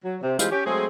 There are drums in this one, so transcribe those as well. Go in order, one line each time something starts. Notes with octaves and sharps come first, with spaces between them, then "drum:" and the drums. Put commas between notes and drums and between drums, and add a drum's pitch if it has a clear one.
F#3
C3
E3 G3 G#3 C4 F4 G4, drum: hi-hat
C#4 G4
F#3 G#3 A3 C4 G#4